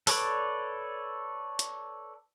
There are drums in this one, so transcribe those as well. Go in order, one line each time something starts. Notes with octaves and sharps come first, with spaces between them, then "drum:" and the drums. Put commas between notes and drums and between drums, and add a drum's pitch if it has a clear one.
A4 B4 C#5 D5, drum: open hi-hat
drum: hi-hat